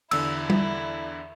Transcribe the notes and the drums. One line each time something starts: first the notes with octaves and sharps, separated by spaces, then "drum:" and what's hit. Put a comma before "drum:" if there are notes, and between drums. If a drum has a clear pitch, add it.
E2 D3 E4 E6, drum: cymbal
drum: tom